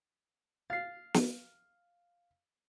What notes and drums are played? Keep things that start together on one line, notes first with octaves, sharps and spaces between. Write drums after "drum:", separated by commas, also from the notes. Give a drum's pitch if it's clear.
F5 A6 C7
drum: snare